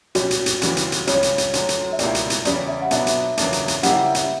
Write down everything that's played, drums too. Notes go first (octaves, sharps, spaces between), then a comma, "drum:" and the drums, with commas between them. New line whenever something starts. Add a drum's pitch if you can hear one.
B2 G3 C#4 F#4 G4, drum: hi-hat
drum: hi-hat
drum: hi-hat
D2 C#3 E3 G3, drum: hi-hat
drum: hi-hat
drum: hi-hat
C#2 C#3 G3 C#5, drum: hi-hat
drum: hi-hat
drum: hi-hat
D2 D3 F#3, drum: hi-hat
drum: hi-hat
E5
C#2 B2 A#3 E4 G4 D5, drum: hi-hat
drum: hi-hat
drum: hi-hat
E2 C#3 G3 C#4 D5, drum: hi-hat
E5
F#5
B2 F#3 B3 D4 E5, drum: hi-hat
drum: hi-hat
E2 C#3 F#3 A#3 D4, drum: hi-hat
drum: hi-hat
drum: hi-hat
C#3 G3 A#3 E4 G4 F#5, drum: hi-hat
E5
F#5
E5, drum: hi-hat